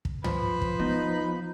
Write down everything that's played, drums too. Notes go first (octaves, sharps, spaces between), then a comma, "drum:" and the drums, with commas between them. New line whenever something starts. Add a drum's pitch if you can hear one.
drum: kick
F3 B4 C5 B5, drum: tom
drum: kick
B3 D#4